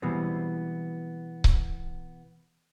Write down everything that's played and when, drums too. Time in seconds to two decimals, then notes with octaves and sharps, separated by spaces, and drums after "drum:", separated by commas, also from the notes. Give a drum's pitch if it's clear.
0.02 B2 E3 G3 G#3 B3 C4
1.44 drum: kick C#1